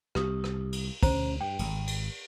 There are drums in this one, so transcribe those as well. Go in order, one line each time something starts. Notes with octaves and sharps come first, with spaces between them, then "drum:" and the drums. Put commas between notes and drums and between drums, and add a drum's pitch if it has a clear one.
C2 G4 D#6, drum: rim click
drum: rim click
drum: cymbal
D2 C#4 C5 A#5, drum: kick, cymbal
G2 G5
D#1 G#1, drum: cymbal
drum: cymbal